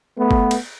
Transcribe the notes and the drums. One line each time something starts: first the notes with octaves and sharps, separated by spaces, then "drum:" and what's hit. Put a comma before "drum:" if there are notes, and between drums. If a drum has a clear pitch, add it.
A3 B3
drum: kick G1
drum: cymbal